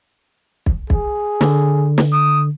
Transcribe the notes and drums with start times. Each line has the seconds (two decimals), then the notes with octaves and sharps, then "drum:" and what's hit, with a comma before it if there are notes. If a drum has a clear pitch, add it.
0.66 drum: kick
0.90 G#4, drum: kick
1.41 D3, drum: snare
1.98 drum: snare
2.12 D#6